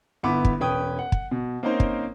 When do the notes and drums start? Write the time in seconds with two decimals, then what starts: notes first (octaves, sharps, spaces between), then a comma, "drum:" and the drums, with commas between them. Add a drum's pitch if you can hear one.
0.23 G1 B3 E4 B5 D6
0.45 drum: kick
0.60 E1 C#4 B4 C#5 G5 D#6
0.99 F#5
1.12 drum: kick
1.31 B2
1.63 A#3 C4 C#4 D#4 A#4 C5
1.80 drum: kick